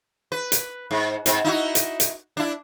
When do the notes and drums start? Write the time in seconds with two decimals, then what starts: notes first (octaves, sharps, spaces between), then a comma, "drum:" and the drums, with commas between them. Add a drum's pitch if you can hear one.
0.32 B4
0.52 drum: hi-hat
0.91 G#2
1.26 G#2 C4, drum: hi-hat
1.44 D#4 E4 F#4
1.75 drum: hi-hat
2.00 drum: hi-hat
2.37 D4 E4